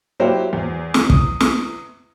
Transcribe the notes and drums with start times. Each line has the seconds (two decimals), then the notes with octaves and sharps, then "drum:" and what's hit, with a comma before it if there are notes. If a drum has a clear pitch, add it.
0.20 F#3 A#3 E4 G4 C5
0.53 E2
0.94 drum: snare
1.10 D#6, drum: kick
1.40 drum: snare